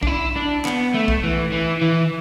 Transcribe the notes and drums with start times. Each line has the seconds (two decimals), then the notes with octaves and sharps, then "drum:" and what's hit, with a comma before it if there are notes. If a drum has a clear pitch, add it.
0.03 D4, drum: kick B1
0.07 E4
0.36 D4
0.65 B3, drum: clap
0.94 A3
1.08 drum: kick B1
1.23 E3
1.53 E3
1.82 E3